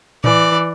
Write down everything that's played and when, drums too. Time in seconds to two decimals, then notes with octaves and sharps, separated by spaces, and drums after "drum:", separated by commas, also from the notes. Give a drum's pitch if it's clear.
0.24 E3 D5, drum: tom A2